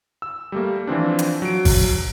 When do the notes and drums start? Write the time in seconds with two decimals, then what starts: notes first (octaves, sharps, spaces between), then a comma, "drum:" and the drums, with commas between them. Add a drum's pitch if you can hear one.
0.22 E6
0.52 G3 A3 A#3
0.87 E3 F3 C4 D4
1.19 drum: hi-hat
1.42 F#3 D7
1.65 drum: kick G#1, open hi-hat